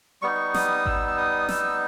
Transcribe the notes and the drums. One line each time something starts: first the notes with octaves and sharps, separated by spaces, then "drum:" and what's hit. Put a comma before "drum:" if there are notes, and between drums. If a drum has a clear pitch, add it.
G3 B3 D#4 C#6
D#6, drum: snare
E6, drum: kick G#1
E6
D#6
E6, drum: snare